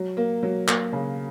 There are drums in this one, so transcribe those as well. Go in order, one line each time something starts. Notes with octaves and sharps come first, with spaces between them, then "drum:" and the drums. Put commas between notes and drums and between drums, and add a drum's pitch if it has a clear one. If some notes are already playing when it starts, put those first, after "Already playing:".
Already playing: F#3
A#3
F#3
A#3, drum: clap
C#3